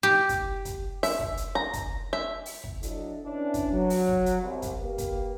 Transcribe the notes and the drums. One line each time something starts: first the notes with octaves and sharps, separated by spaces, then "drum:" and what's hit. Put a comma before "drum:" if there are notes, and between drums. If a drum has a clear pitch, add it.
G4
drum: kick, hi-hat
drum: kick, hi-hat
E5, drum: open hi-hat
drum: kick
drum: hi-hat
A#5
drum: kick, hi-hat
E5
drum: open hi-hat
drum: kick
F#3 D4 E4 A4 D#5, drum: hi-hat
E3 C#4 D4
drum: kick, hi-hat
F#3
drum: open hi-hat
drum: kick
drum: hi-hat
C2
drum: kick, hi-hat
A#3 G4 A#4 B4
drum: kick, hi-hat